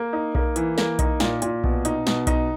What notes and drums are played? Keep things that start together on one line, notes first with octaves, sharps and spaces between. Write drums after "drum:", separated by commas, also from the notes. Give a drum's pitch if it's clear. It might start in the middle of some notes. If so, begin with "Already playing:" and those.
Already playing: A#3
D#4
A#3, drum: kick B1
E3, drum: hi-hat
A#3, drum: snare
D#4, drum: kick B1, hi-hat
A#2, drum: snare
A#2, drum: hi-hat
B2, drum: kick B1
D#4, drum: hi-hat
B2, drum: snare
D#4, drum: kick B1, hi-hat